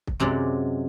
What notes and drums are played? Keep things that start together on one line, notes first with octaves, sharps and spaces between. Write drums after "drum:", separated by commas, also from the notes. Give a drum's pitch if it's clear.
drum: kick
F#2 C3 F#3 G#3 D5